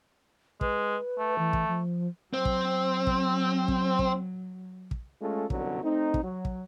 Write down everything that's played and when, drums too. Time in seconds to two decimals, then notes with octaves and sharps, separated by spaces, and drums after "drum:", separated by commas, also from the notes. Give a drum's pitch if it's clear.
0.61 G#3 B4, drum: kick
1.19 A3
1.38 E3
1.53 drum: kick
1.68 F3
2.34 F#3 C4
2.45 drum: kick
3.07 drum: kick
3.68 drum: kick
3.99 drum: kick
4.91 drum: kick
5.21 G#3 A3 C#4 F4 A4
5.50 C2 F#2 B2 D3 F#3, drum: kick
5.83 A3 C4 D#4
6.14 drum: kick
6.23 F#3
6.45 drum: kick